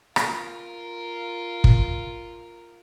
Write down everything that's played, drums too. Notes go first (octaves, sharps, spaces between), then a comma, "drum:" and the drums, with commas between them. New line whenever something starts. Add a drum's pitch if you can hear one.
F4 A#4, drum: rim click
drum: kick